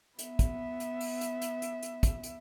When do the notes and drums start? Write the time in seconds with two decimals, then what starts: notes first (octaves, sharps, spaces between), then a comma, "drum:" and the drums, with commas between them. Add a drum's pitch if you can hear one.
0.19 B3 E5, drum: hi-hat
0.39 drum: kick, hi-hat
0.80 drum: hi-hat
1.01 drum: open hi-hat
1.21 drum: hi-hat
1.42 drum: hi-hat
1.62 drum: hi-hat
1.82 drum: hi-hat
2.03 drum: kick, hi-hat
2.23 drum: hi-hat